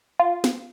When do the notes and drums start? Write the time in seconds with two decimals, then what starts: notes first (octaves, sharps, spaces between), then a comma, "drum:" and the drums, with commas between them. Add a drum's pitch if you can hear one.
0.20 F4
0.44 drum: snare